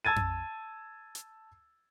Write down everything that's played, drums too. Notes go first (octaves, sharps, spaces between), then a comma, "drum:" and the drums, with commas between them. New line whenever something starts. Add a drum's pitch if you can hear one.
A5 E6 G#6 A6 D#7
drum: tom F2
drum: hi-hat